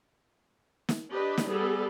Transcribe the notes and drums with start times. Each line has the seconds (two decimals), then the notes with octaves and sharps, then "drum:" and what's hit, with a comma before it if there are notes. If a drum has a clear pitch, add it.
0.89 drum: snare
1.11 D4 G4 B4 D#5
1.38 drum: snare
1.48 G3 B3 G#4 A4